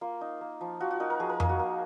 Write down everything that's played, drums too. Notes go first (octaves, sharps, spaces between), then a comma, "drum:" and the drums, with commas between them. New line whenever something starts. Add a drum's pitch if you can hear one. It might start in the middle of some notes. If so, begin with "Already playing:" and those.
A#3 F4
D#4
A#3
F3
F3 F#4
F#4
D#4 A#4
A#4
F3 G#4
A#4
A#3 G#4, drum: tom F2
F#4
A#3